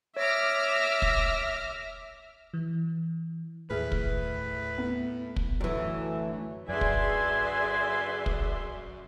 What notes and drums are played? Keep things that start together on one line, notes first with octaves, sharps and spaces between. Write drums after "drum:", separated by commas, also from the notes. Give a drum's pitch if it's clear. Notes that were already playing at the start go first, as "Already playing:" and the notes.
C#5 E5 D6 F6 A#6
drum: kick
E3
D#2 A2 G#4 B4 E5 F6
drum: kick
B3
drum: kick
F#2 D3 E3 F#3 A3
F#2 D3 G#4 B4 D5 E5 G#5 C6
drum: kick
drum: kick